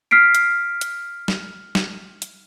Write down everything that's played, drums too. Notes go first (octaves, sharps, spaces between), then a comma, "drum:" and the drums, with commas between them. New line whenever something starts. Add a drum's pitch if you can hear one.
F6 B6 C7 D7
drum: hi-hat
drum: hi-hat
drum: snare
drum: snare
drum: hi-hat